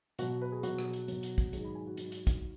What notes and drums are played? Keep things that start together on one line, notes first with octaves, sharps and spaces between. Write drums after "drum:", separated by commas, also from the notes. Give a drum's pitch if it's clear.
B2 F#3 F#4, drum: hi-hat
B4
G#4
F#3 F#4, drum: hi-hat
B2
drum: rim click
drum: hi-hat
B2 F#3, drum: hi-hat
drum: hi-hat
drum: kick, hi-hat
G#2 D#3 F#3 G#4, drum: hi-hat
B5
G#5
F#4
G#2 F#3, drum: hi-hat
drum: hi-hat
drum: kick, hi-hat